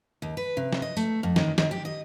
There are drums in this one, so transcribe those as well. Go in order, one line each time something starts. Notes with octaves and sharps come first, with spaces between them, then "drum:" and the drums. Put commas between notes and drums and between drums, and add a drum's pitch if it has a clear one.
D#2
B4
C3
drum: snare
D#5
A3, drum: tambourine
F2
D#3, drum: snare
D#3, drum: snare
G4
D#5